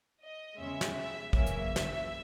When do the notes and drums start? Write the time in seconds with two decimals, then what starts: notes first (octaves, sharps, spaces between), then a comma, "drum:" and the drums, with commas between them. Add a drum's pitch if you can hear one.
0.23 D#5
0.59 E2 C#3 G#3 C#4 E5
0.81 drum: snare
0.96 E5
1.33 F#2 C#3 E3 A#3 C#4 E5, drum: kick
1.46 drum: hi-hat
1.76 drum: snare